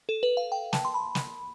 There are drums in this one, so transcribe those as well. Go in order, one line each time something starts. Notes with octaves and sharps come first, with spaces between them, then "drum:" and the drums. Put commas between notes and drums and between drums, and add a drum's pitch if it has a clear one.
A4
B4
F5
G5
A5, drum: snare
C6
B5
drum: snare